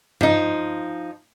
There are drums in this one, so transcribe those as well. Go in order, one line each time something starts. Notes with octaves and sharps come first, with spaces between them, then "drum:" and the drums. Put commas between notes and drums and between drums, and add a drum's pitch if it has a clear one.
F3 D#4, drum: tom G2